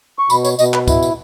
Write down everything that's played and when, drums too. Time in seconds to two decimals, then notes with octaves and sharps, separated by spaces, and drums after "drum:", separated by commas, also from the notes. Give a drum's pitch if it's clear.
0.19 C#6
0.30 B2 B5, drum: tambourine
0.45 C#5, drum: tambourine
0.59 B2 D#5, drum: tambourine
0.74 B4, drum: clap
0.88 E4, drum: kick D2, tambourine
1.03 drum: tambourine